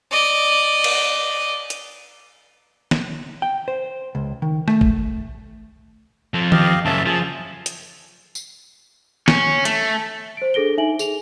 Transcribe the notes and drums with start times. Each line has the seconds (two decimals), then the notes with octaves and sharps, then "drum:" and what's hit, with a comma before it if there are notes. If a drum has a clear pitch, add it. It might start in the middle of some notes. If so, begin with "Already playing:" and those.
0.11 D5 D#5
0.84 drum: cymbal
1.70 drum: hi-hat
2.91 drum: snare
3.42 G5
3.68 C5
4.15 C#2
4.42 D#3
4.68 A3, drum: rim click
4.81 drum: kick
6.34 F2 F3
6.52 G4 D#5 F5, drum: tom D#3
6.85 F#2 C#3 E5 A5
7.06 F3 G#4
7.66 drum: hi-hat
8.35 drum: tambourine
9.28 C#4, drum: snare
9.65 A3, drum: hi-hat
10.37 C5 D7
10.54 D4 G#4 A4 A#6 D7 G7
10.78 D#4 E5 G#5 F#7
10.99 G#4 F7, drum: tambourine